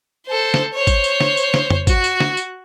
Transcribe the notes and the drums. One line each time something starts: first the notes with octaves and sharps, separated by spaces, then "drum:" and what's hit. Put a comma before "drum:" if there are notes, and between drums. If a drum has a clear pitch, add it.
A4 C5
drum: snare
C5 C#5
drum: kick, tambourine
drum: tambourine
drum: snare
drum: tambourine
drum: snare
drum: tom F2
F#4, drum: kick, tambourine
drum: tambourine
drum: snare
drum: tambourine